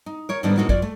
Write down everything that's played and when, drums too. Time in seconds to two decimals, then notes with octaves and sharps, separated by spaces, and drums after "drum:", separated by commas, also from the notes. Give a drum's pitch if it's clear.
0.06 D#4
0.29 A#4 C#5
0.43 G#2 D3 D#3 G3 B3 D4
0.57 A2 A#3 C4 D#4 F#4
0.69 F#2 F4 D5, drum: kick
0.82 A3